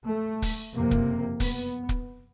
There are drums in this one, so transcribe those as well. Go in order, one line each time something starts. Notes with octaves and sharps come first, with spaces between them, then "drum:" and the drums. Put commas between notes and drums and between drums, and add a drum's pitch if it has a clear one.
A3
drum: kick, open hi-hat
F#1 F2 C3 A#3
drum: kick
B3, drum: kick, open hi-hat
drum: kick